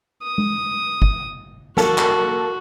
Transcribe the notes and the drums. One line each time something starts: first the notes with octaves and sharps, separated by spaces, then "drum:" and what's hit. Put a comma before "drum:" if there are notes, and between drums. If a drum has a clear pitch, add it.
D#6
drum: tom G#3
drum: kick
A#3 F#4 A4, drum: snare
drum: clap